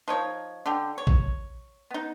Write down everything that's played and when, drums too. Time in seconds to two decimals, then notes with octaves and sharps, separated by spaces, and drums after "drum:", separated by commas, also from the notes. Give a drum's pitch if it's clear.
0.08 F3 D#4 C#5
0.66 D3 G4
0.98 C#5
1.07 drum: kick
1.91 B3 D#4